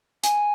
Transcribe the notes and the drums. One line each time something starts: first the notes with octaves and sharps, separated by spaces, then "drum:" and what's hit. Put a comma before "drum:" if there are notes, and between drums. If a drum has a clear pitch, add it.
G#5, drum: hi-hat